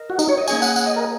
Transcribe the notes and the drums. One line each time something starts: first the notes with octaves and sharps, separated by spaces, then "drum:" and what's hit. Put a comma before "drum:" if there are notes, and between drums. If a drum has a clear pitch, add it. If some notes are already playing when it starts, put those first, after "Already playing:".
Already playing: A#4 D#5
F#4
D#4, drum: tambourine
C#5
D#5
A#3 C#4 G#4 C#5 G#5, drum: tambourine
F#5, drum: tambourine
F#5, drum: tambourine
D#5
A#4